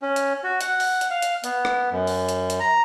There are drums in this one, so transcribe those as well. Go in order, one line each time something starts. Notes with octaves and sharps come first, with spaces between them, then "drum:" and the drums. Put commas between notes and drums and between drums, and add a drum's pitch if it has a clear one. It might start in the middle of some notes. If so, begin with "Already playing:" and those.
C#4
drum: hi-hat
F#4
F#5, drum: hi-hat
drum: open hi-hat
drum: hi-hat
F5
drum: hi-hat
B3, drum: hi-hat
drum: rim click
F#2
drum: open hi-hat
drum: hi-hat
drum: hi-hat
A#5